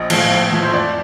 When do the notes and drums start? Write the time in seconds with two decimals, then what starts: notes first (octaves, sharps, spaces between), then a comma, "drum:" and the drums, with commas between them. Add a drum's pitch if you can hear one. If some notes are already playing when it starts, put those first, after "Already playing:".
Already playing: A#1 D#5
0.10 A2 F3, drum: cymbal
0.31 A#1
0.52 A2 F3
0.63 C5
0.73 F2 D5